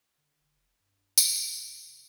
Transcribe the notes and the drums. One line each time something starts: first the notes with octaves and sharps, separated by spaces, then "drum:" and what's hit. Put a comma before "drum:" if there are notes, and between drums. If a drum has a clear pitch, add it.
D3
F1
G2
drum: tambourine
E2
C3